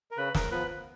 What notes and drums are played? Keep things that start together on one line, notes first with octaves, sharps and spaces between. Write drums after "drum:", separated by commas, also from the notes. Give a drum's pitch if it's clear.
A#4
C#3 B4
A#4, drum: snare
F3 B3 B4